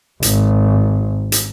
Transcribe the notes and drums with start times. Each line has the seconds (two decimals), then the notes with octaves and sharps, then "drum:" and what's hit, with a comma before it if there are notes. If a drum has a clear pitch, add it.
0.22 G#1, drum: hi-hat
1.32 drum: hi-hat